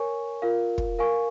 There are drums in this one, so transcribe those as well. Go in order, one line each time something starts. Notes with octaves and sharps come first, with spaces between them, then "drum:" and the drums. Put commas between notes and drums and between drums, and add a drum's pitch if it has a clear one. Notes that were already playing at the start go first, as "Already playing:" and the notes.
Already playing: A#4 C#5 G#5 C#6
F4 A#4 F5
drum: kick
A#4 F5 G#5 C#6